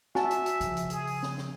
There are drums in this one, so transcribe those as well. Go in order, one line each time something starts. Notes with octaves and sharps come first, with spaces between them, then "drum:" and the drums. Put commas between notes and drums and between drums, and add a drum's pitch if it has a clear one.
F#4 E5 G#5 A5, drum: snare
drum: hi-hat
drum: hi-hat
C#3 F3, drum: hi-hat
drum: hi-hat
G#4, drum: hi-hat
drum: open hi-hat
drum: snare
drum: snare